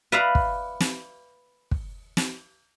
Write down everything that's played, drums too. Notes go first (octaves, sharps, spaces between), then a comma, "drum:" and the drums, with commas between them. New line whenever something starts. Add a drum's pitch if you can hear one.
B4 D5 E5 F5 A#5
drum: kick
drum: snare
drum: kick
drum: snare